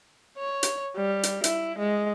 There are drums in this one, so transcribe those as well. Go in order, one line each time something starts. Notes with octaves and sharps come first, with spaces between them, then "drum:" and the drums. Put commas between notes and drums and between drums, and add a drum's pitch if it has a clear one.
C#5
drum: hi-hat
G3
drum: hi-hat
E4, drum: hi-hat
G#3